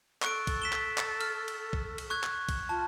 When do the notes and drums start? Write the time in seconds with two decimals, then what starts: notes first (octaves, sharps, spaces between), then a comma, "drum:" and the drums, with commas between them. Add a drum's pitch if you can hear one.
0.22 A4 C#6 F#6 D7, drum: clap
0.47 drum: kick, cymbal
0.62 B6 E7 G7
0.72 drum: clap
0.98 drum: clap
1.21 F6, drum: cymbal
1.48 drum: cymbal
1.73 drum: kick
1.98 drum: cymbal
2.10 C#6 F#6 G#6
2.23 drum: clap
2.49 drum: kick, cymbal
2.69 F4 A5